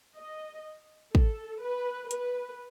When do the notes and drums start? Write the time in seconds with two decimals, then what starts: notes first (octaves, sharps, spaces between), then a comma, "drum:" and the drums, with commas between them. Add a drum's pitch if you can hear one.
0.17 D#5
1.15 A4, drum: kick
1.62 B4
2.11 B4, drum: hi-hat